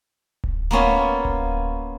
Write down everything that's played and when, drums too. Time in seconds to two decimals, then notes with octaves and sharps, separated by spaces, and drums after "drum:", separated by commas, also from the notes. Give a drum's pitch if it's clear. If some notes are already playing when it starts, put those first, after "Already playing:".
0.44 drum: kick D1
0.71 A#3 B3 C#4 F4
1.25 drum: kick D1